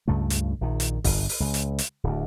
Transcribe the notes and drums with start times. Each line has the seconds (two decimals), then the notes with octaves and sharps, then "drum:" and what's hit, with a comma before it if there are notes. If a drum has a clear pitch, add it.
0.08 C#2 G2 C#3 A3
0.30 drum: hi-hat
0.61 A#1 D#3
0.80 drum: hi-hat
1.04 G1, drum: kick, open hi-hat
1.29 drum: open hi-hat
1.40 C#2
1.54 drum: hi-hat
1.79 drum: hi-hat
2.04 D1 D2